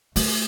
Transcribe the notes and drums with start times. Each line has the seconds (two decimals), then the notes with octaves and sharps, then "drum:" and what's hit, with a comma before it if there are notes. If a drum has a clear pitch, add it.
0.16 A3, drum: open hi-hat